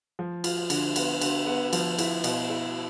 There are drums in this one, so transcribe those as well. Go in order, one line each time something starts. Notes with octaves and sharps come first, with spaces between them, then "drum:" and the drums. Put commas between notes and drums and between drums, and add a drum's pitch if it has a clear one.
F3
F4, drum: cymbal
D3, drum: cymbal
B3, drum: cymbal
D3, drum: cymbal
B3
F3, drum: cymbal
E4, drum: cymbal
B2, drum: cymbal
E4